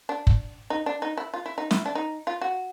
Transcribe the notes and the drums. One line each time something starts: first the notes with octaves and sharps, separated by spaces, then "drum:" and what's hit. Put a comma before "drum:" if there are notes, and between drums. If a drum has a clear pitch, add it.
D4
drum: kick
D#4
D4
D#4
E4
F4
E4
D#4
E4, drum: snare
D4
D#4
F4
F#4